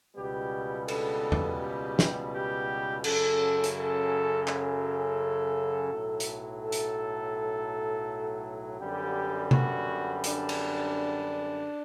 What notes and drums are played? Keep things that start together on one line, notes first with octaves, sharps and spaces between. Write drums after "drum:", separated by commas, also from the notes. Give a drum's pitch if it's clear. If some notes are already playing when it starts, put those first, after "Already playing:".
C#2 B2 G3 B3 G4
A4, drum: cymbal
drum: tom E2
G4
drum: snare
G4
F#2 C#3 F#3 A4, drum: cymbal
drum: hi-hat
A4
A4, drum: clap
B1 A2 F#3
drum: hi-hat
A4
drum: hi-hat
F#2 D3 G3 B3 G4
F#4, drum: tom C3
D4, drum: hi-hat
drum: cymbal